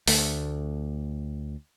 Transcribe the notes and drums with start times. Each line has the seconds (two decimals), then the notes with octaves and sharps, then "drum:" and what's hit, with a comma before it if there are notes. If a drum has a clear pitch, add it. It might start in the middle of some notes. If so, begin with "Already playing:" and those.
0.08 D2 A3, drum: open hi-hat